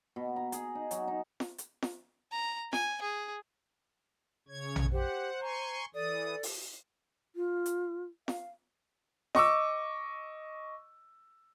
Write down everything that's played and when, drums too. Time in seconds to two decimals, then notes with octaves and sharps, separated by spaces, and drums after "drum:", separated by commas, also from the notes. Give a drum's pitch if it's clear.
0.16 B2
0.36 A#5
0.52 G#4, drum: hi-hat
0.75 D#4
0.91 F#3, drum: hi-hat
1.08 D#4
1.40 drum: snare F4
1.58 drum: hi-hat
1.82 drum: snare F4
2.32 A#5
2.73 G#5, drum: snare F4
3.02 G#4
4.48 C#3 C#5 G#6
4.76 drum: tom A#1
4.92 G4 C5 F#5
5.42 G#5 A#5 C6 C#6
5.94 E3 A4 D5 D#6
6.43 drum: open hi-hat
7.36 F4
7.66 drum: hi-hat
8.28 F5, drum: snare F4
9.35 D#5 C#6 D6 E6, drum: snare F4